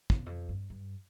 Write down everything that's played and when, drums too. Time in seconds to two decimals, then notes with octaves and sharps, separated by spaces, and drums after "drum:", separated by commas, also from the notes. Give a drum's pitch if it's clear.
0.10 E2, drum: kick
0.26 F2
0.49 G2
0.70 G2